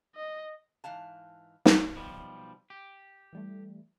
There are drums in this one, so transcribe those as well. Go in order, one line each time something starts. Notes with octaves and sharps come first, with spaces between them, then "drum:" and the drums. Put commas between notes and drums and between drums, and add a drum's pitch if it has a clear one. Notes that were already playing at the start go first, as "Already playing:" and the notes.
D#5
G#2 E3 F5 A5
drum: snare
B1 F3 G3
G4
E3 G3 A3